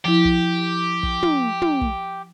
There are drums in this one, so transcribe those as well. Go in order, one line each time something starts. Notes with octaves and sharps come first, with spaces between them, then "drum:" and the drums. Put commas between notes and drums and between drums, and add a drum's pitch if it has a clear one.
F3 E4 G4
drum: kick
drum: kick
drum: tom
drum: tom
drum: kick